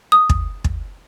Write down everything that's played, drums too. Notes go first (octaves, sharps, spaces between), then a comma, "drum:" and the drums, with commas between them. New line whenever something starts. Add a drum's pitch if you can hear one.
D#6
drum: kick
drum: kick